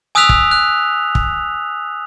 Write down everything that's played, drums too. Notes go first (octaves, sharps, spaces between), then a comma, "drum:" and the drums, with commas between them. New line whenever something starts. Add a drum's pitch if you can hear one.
G#5 D#6 E6 F#6 B6 F7
drum: kick
F#6
drum: kick